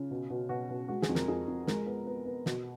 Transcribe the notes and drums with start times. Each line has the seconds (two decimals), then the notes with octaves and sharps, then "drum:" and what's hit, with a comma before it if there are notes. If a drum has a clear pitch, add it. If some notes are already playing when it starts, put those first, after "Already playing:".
Already playing: C#3 F4
0.11 B2
0.30 B2
0.49 B2 F#4
0.70 B2
0.88 G#3 F#4
1.02 G#4, drum: snare
1.09 F2
1.15 A#4, drum: snare
1.28 F2 G#4
1.48 F2
1.67 G#3 A#4, drum: snare
1.86 B3
2.07 B3
2.26 B3
2.46 B2, drum: snare